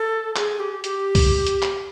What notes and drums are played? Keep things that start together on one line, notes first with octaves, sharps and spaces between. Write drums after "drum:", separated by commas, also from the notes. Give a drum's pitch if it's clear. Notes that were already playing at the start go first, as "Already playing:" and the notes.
Already playing: A4
G#4, drum: clap
G4
G4, drum: hi-hat
drum: kick C2, open hi-hat
drum: hi-hat
drum: clap